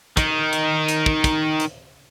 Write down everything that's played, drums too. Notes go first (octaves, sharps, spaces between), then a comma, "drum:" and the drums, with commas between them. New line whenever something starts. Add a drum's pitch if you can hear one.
D#3 D#4, drum: kick, hi-hat
drum: hi-hat
drum: hi-hat
drum: kick
drum: kick, hi-hat
drum: hi-hat